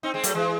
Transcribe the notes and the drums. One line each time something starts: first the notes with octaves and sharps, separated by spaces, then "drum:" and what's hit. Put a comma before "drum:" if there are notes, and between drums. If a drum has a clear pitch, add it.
C4 D#4
G#3 C4
F#3 A3, drum: hi-hat
E3 G#3